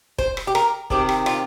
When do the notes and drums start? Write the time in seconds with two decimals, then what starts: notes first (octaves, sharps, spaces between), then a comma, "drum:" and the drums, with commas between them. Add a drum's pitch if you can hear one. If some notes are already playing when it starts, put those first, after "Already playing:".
0.18 C5, drum: kick
0.37 drum: rim click
0.47 G4
0.55 A#4, drum: rim click
0.90 C3 D#3 C4 G4, drum: kick
1.09 drum: rim click
1.26 F4, drum: rim click